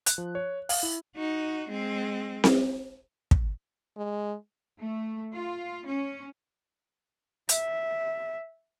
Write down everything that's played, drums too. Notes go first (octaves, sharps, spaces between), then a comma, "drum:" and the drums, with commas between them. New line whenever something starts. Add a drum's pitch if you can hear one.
F#6, drum: hi-hat
F3
C#5
F5, drum: open hi-hat
E4
D#4 F#4
G#3 C4
drum: snare C4
drum: kick
G#3
A3
F4
C#4
E5, drum: hi-hat